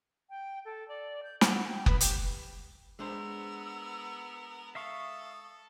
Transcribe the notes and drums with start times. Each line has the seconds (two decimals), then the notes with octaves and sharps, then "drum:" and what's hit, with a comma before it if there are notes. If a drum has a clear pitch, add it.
0.29 G5
0.65 A4
0.88 D5
1.23 G6
1.41 F#5, drum: snare
1.67 G5
1.86 B4, drum: kick F#1
2.01 G4, drum: hi-hat
2.99 G#3 B3 D4 A#4 C5 E6
4.75 A4 E5 F5 C#6 D#6